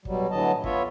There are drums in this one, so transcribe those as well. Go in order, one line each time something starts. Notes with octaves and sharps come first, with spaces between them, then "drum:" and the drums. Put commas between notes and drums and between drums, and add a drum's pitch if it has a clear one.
B2 F#3 G3, drum: kick
A2 D3 E3 F#3 D#5 A5
B3 F4 C#5 E5, drum: kick